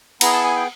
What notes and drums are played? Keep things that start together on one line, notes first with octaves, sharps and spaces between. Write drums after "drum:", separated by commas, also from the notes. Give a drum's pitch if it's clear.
B3 E4 G#4 A#5, drum: cymbal
A5
G#5
G5